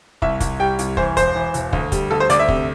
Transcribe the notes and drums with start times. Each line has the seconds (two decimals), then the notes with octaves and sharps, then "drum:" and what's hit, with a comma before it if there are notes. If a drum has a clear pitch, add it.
0.22 C2 E5, drum: kick
0.40 C2, drum: kick, hi-hat
0.60 G3 G5
0.79 C2, drum: hi-hat
0.97 E3 C5, drum: kick
1.17 E1 C5, drum: kick, hi-hat
1.36 E3
1.54 E1, drum: hi-hat
1.73 D2, drum: kick
1.92 G3, drum: kick, hi-hat
2.11 D2 A4
2.20 C5
2.30 D2 D5, drum: hi-hat
2.39 E5
2.48 C3, drum: kick